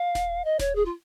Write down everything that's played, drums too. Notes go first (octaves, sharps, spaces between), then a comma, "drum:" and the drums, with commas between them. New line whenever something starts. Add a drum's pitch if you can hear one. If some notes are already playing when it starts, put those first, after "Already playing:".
Already playing: F5
drum: snare D#1
D#5
C#5, drum: snare D#1
G#4
F4